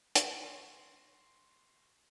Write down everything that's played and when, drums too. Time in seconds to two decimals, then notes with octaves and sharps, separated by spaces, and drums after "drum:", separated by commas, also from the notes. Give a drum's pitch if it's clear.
0.15 C6 C#6 A#6 C7, drum: hi-hat